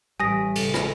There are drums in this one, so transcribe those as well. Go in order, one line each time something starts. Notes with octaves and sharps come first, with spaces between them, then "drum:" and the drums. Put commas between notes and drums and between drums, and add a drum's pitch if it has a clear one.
A1 G3 G4 G#5 D#6 A#6 B6 D7
A1 C#3 A4, drum: cymbal
drum: rim click